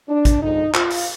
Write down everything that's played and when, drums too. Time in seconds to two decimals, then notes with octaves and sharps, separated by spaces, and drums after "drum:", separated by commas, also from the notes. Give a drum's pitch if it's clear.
0.09 D4
0.25 drum: kick, hi-hat
0.42 F2 D3 F3 G#3 D#4
0.74 F4, drum: clap
0.91 drum: open hi-hat